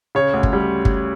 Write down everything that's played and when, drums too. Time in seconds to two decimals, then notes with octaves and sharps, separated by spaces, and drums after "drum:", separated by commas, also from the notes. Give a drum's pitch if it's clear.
0.15 C#3 C#5
0.34 D2
0.43 drum: kick
0.53 G3
0.85 drum: kick